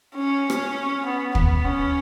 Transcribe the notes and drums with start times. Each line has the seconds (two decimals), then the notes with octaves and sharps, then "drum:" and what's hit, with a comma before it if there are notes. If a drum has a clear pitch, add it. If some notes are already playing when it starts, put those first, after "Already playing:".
0.15 C#4
0.50 drum: rim click
1.06 B3
1.35 B3, drum: kick
1.65 C#4